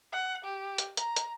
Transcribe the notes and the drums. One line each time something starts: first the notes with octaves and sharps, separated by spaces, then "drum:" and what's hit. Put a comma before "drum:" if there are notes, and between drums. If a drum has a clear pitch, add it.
F#5
G4
drum: hi-hat
A#5, drum: hi-hat
drum: hi-hat